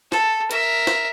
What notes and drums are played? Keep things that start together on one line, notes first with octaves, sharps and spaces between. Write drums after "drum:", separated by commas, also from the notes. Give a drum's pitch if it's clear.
A4, drum: snare
A#4 E5, drum: hi-hat
drum: snare